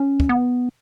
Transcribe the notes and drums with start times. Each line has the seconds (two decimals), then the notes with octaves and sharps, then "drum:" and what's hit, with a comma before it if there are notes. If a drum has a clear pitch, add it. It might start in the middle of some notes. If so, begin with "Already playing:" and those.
Already playing: C#4
0.20 drum: kick
0.29 B3